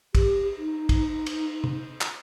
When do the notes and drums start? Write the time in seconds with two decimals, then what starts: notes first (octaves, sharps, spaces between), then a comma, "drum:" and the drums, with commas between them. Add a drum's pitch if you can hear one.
0.15 G4, drum: kick, cymbal
0.58 D#4
0.89 drum: kick, cymbal
1.26 drum: cymbal
1.64 drum: tom
2.01 drum: clap